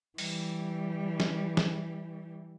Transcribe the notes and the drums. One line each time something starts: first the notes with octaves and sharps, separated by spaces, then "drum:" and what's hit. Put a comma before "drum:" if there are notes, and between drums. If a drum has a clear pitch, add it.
E3 G3, drum: open hi-hat
drum: snare
drum: snare